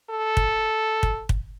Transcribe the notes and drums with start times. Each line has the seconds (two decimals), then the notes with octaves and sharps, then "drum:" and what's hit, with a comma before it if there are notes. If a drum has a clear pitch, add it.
0.10 A4
0.37 drum: kick
1.03 drum: kick
1.29 drum: kick